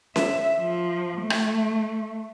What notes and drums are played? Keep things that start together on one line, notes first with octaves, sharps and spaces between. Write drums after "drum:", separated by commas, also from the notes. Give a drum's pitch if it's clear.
E5, drum: snare C#4
F3
A3
drum: rim click